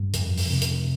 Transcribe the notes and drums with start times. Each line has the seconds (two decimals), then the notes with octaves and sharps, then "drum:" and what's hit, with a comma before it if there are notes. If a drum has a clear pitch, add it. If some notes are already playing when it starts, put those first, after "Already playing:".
Already playing: G2
0.14 F2, drum: hi-hat
0.38 drum: open hi-hat
0.49 C3
0.62 drum: hi-hat